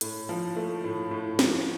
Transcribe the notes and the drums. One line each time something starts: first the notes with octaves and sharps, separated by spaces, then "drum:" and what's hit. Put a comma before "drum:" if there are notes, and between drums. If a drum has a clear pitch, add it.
A2, drum: hi-hat
F3
A3
A2
A2
F3, drum: snare